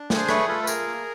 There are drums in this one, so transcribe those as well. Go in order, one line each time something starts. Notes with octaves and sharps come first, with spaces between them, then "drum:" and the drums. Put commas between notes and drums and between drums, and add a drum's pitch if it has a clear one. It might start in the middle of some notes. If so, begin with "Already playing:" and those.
Already playing: D4
G#4, drum: snare
C5
A3 B4 C#5, drum: rim click
F4 A4 B4
B4
G#4 A#4, drum: tambourine
A#3